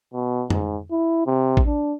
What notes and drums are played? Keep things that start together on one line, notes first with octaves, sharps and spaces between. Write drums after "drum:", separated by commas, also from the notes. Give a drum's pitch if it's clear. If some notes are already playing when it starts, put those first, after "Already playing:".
B2
G#2, drum: tom F2
E4
C3
drum: kick A1
D4